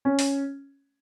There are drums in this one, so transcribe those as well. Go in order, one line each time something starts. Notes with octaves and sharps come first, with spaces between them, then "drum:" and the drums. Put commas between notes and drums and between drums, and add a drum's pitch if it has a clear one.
C#4
drum: open hi-hat